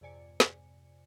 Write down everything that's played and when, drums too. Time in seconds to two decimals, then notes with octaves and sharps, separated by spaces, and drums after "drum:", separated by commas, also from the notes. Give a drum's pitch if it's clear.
0.01 F2 G#2 C3 D5 G#5 C#7
0.40 drum: snare